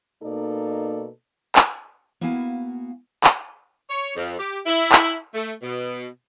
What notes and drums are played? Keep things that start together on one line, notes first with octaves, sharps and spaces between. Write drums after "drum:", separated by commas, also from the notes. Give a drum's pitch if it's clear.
B2 A#3 D#4 A4 D5
drum: clap
A#3 B3 E4 F#4 F5 G#5
drum: clap
C#5
F2
G4
E4
drum: clap
A3
B2